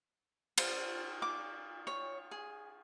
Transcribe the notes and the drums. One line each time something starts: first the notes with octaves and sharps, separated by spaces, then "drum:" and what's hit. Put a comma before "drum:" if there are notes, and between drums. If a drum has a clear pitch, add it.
C5, drum: cymbal
D6
C#5
G#4